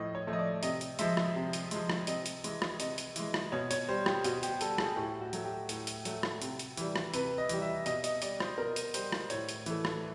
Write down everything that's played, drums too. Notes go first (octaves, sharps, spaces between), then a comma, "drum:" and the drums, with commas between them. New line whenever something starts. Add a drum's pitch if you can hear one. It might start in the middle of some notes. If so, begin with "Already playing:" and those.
Already playing: A2 F3 A3 D#5
C#5
F3 A3
D#5
D5
C3 D#5, drum: hi-hat
drum: hi-hat
F3 G#3 E5, drum: hi-hat
drum: rim click
C3
drum: hi-hat
F3 G#3, drum: hi-hat
drum: rim click
C3 D#5, drum: hi-hat
drum: hi-hat
E3 G#3, drum: hi-hat
drum: rim click
C3 D#5, drum: hi-hat
drum: hi-hat
E3 G#3, drum: hi-hat
drum: rim click
B2 C#5
C#5, drum: hi-hat
G3 C5
G4, drum: rim click
B2 F#4, drum: hi-hat
G4, drum: hi-hat
G3 A4, drum: hi-hat
G#4, drum: rim click
A2 G4
F#4
F#3 A3, drum: hi-hat
G4
A2, drum: hi-hat
drum: hi-hat
F#3 A3, drum: hi-hat
drum: rim click
C3, drum: hi-hat
drum: hi-hat
E3 G3, drum: hi-hat
drum: rim click
C3 B4, drum: hi-hat
D#5
E3 G3, drum: hi-hat
E5
B2 D#5, drum: hi-hat
D#5, drum: hi-hat
G3 D5, drum: hi-hat
C5, drum: rim click
B2 A#4
drum: hi-hat
G3 C5, drum: hi-hat
drum: rim click
A2 C#5, drum: hi-hat
drum: hi-hat
E3 A3, drum: hi-hat
drum: rim click